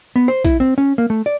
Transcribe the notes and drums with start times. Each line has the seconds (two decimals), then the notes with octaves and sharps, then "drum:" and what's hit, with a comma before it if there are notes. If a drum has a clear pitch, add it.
0.16 B3
0.28 C5
0.45 E4, drum: kick A#1, hi-hat
0.60 C4
0.78 C#4
0.98 A#3
1.10 A3
1.26 D5